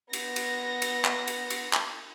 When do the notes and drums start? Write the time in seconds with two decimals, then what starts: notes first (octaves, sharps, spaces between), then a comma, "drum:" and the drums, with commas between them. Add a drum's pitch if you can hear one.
0.13 B3 A#6, drum: cymbal
0.36 drum: cymbal
0.82 drum: cymbal
1.05 drum: clap
1.27 drum: cymbal
1.50 drum: cymbal
1.73 drum: clap